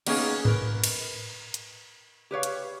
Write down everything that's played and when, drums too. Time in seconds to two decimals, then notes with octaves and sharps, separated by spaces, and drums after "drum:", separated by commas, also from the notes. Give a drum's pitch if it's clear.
0.07 G3 A#3 B3 C#4 D#4 G#4, drum: cymbal
0.45 A#4 B4, drum: tom G#2
0.84 drum: cymbal
1.54 drum: hi-hat
2.31 G4 B4 C#5 F5
2.43 drum: hi-hat